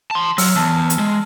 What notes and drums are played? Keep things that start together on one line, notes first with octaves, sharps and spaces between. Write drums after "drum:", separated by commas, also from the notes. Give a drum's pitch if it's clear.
A5 C6
F#3 E6 F6, drum: open hi-hat
E2 A5 E6
drum: hi-hat
G#3